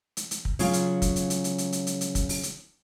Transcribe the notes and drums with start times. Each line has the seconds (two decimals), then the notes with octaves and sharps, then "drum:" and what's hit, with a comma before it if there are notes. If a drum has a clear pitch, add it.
0.17 drum: hi-hat
0.31 drum: hi-hat
0.45 drum: kick
0.59 C#3 F#3 F4, drum: open hi-hat
0.73 drum: hi-hat
1.02 drum: kick, hi-hat
1.16 drum: hi-hat
1.30 drum: hi-hat
1.44 drum: hi-hat
1.58 drum: hi-hat
1.72 drum: hi-hat
1.87 drum: hi-hat
2.01 drum: hi-hat
2.15 drum: kick, hi-hat
2.29 drum: open hi-hat
2.43 drum: hi-hat